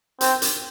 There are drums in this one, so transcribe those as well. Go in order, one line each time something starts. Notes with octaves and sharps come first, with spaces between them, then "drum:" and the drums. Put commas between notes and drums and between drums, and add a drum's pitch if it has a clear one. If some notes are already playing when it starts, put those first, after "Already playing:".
C4, drum: hi-hat
drum: hi-hat